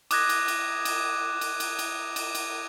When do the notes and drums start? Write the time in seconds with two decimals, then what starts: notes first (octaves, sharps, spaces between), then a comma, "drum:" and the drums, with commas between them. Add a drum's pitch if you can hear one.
0.11 D6 D#6 F#6 G#6 A#6, drum: cymbal
0.29 drum: cymbal
0.48 drum: cymbal
0.85 drum: cymbal
1.41 drum: cymbal
1.60 drum: cymbal
1.79 drum: cymbal
2.16 drum: cymbal
2.35 drum: cymbal